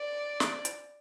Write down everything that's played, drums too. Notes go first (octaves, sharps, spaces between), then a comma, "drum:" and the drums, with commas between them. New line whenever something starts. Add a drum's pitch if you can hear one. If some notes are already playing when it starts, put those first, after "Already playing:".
Already playing: D5
drum: snare
drum: hi-hat